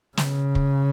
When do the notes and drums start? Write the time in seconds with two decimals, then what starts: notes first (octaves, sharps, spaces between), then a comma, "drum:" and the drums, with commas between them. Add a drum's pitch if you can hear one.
0.17 C#3, drum: snare
0.55 drum: kick